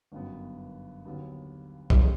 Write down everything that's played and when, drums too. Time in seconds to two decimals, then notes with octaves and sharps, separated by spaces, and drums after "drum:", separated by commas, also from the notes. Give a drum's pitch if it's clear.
0.12 G1 F#2 D#3 F#3 B3
1.05 D#2 D3 F#3 B3
1.90 drum: kick
2.01 C#3 E3 G3